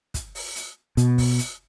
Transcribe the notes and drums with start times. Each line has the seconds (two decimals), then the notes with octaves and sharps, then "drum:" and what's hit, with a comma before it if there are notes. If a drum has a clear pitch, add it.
0.14 drum: kick, hi-hat
0.35 drum: open hi-hat
0.56 drum: hi-hat
0.97 B2, drum: hi-hat
1.18 drum: kick, open hi-hat
1.39 drum: hi-hat